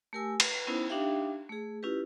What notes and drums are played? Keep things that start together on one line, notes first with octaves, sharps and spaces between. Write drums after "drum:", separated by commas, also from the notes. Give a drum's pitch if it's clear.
A3 G4 A#4 G#5 E6
B4, drum: cymbal
B3 C#4 D#4 E4 A#4 C5
D4 D#4 G4 E5 F5 G5
A3 G#4
C#4 E4 F4 G4 B4